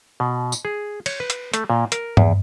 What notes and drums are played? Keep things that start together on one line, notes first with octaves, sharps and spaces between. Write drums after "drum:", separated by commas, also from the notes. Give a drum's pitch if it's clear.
B2
drum: tambourine
G#4
C#5, drum: cymbal
B4
drum: hi-hat
A3, drum: hi-hat
A#2
A#4, drum: hi-hat
E2, drum: tom G2